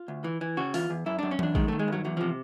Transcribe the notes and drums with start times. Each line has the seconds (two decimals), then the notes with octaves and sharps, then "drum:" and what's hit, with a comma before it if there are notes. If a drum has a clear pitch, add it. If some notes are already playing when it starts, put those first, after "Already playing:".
Already playing: F4
0.08 D2
0.24 E3
0.41 E3
0.57 C#3 F#4
0.74 E2 F4, drum: open hi-hat
0.90 E2
1.06 F#2 E4
1.19 F#2 D4
1.31 C#4
1.39 F#2 D4, drum: tom E3
1.55 D#3 G#3, drum: kick A1
1.68 D#3 A3
1.79 G#3
1.88 G2 F#3
2.05 E2 F#3
2.17 C3 F3